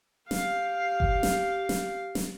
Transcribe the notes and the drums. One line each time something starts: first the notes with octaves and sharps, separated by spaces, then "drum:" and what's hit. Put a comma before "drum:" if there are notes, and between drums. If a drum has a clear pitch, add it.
G4 F5, drum: snare
drum: kick F#1
drum: snare
drum: snare
drum: snare